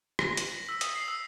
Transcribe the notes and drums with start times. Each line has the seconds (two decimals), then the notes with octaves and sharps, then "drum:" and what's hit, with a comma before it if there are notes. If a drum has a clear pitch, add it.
0.19 A#6, drum: rim click
0.37 F#7, drum: hi-hat
0.52 B6
0.69 E6
0.81 D#6, drum: hi-hat
0.96 C7
1.08 E6